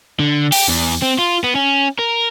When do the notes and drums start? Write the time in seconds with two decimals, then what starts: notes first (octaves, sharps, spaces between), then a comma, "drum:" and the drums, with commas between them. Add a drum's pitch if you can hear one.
0.20 D3
0.52 G4, drum: open hi-hat
0.68 E2
1.02 C4
1.18 F4
1.44 B3
1.55 C#4
1.99 A#4